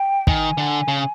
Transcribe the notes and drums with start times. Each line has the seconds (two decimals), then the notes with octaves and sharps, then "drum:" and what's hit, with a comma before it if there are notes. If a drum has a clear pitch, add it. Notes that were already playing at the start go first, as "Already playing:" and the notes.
Already playing: G5
0.27 D#3 G#5, drum: kick
0.58 D3
0.88 C#3